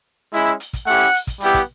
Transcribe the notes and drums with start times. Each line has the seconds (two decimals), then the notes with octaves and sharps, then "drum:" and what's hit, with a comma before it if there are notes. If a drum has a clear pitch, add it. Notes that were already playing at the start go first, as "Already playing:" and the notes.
0.33 G#3 C#4 E4, drum: hi-hat
0.60 drum: hi-hat
0.73 drum: kick, hi-hat
0.87 A3 C#4 E4 G4 F#5, drum: hi-hat
1.00 drum: open hi-hat
1.14 drum: hi-hat
1.27 drum: kick, hi-hat
1.40 G3 B3 E4 G4, drum: hi-hat
1.54 drum: kick, hi-hat